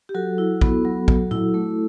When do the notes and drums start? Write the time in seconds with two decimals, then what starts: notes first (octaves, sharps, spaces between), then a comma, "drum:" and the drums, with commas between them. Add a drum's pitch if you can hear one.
0.09 G4
0.15 F#3 F#4 A4
0.38 E4
0.61 B3, drum: kick
0.85 F#3
1.08 F#3, drum: kick
1.31 E4, drum: tom A#2
1.54 A3